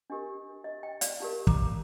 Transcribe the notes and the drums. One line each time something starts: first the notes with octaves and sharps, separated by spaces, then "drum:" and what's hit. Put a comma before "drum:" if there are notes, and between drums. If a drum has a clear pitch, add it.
D4 G4 A#4 D#5
D#5
D#5 G5
D5 F5, drum: hi-hat
D#4 G4 A#4
A#5 D6, drum: kick